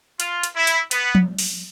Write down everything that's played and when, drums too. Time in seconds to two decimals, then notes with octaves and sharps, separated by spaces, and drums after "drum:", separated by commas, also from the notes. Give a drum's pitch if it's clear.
0.20 F4, drum: hi-hat
0.43 drum: hi-hat
0.55 E4
0.67 drum: hi-hat
0.91 B3, drum: hi-hat
1.15 drum: tom F3
1.39 drum: open hi-hat